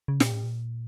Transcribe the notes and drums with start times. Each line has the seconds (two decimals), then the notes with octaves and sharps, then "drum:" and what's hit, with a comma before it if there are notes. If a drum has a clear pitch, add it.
0.08 C#3
0.20 A#2, drum: snare
0.32 A2
0.43 A#2